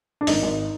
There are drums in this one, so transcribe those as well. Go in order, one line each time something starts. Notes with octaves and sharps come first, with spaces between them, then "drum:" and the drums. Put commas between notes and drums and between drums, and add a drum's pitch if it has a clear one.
D4
G#1 D#4, drum: open hi-hat
G#1